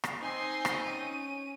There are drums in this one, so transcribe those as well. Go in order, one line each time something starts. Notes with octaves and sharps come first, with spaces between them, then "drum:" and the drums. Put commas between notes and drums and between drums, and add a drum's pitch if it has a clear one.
drum: rim click
C4 D#4 G#5 C6
drum: rim click
C#4 D#7